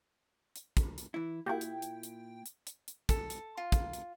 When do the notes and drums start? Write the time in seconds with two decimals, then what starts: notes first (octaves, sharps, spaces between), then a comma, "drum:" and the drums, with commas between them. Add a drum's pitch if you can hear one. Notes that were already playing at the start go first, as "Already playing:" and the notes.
0.56 drum: hi-hat
0.77 drum: kick, hi-hat
0.98 drum: hi-hat
1.14 E3 E4
1.46 A#2 A#3 E4 F#4 G4 G5
1.61 drum: hi-hat
1.82 drum: hi-hat
2.03 drum: hi-hat
2.46 drum: hi-hat
2.67 drum: hi-hat
2.88 drum: hi-hat
3.09 A4, drum: kick, hi-hat
3.30 drum: hi-hat
3.57 F4
3.72 drum: kick, hi-hat
3.93 drum: hi-hat